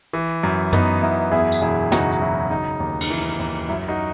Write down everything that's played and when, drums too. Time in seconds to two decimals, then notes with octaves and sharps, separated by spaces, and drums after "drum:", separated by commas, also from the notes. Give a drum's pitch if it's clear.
0.13 E3
0.43 F#2
0.73 B3 D#4, drum: tom
1.02 F#2 E4
1.32 E2 E4 G#4
1.52 drum: tambourine
1.61 E1 E4 G#4
1.92 C#3 D#4 F#4, drum: snare
2.12 D#4, drum: hi-hat
2.21 F#3 E4
2.50 C#3 D#4
2.80 D#2
3.01 drum: cymbal
3.10 E3
3.39 D#2
3.69 F#2 E4
3.88 D#4 F#4